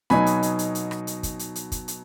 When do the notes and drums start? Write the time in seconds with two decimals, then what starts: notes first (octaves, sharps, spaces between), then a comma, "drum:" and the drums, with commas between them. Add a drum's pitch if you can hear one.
0.10 B2 F#3 B3 D#4 G#5 B5, drum: rim click
0.26 drum: hi-hat
0.43 drum: hi-hat
0.59 drum: hi-hat
0.75 drum: hi-hat
0.91 drum: rim click
1.07 drum: hi-hat
1.23 drum: kick, hi-hat
1.39 drum: hi-hat
1.55 drum: hi-hat
1.72 drum: kick, hi-hat
1.88 drum: hi-hat